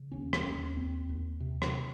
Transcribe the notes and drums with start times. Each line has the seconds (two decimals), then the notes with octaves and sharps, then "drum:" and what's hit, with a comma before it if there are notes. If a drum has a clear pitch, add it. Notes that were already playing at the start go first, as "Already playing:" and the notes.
Already playing: C#3
0.12 D#2 C#4
0.33 C#4, drum: rim click
0.44 D#2
0.76 D#2 C4
1.09 D#2
1.40 C3
1.62 drum: rim click